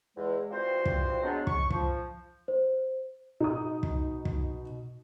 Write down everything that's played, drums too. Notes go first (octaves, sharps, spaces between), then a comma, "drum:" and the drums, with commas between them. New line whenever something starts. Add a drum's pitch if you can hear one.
E2 G#3
E3 G3 C4 F4 F#4 C5
drum: kick
F#3 G#3 B3 D4
C#6, drum: kick
F3, drum: kick
C5
B2 D#4 D#6
drum: kick
drum: kick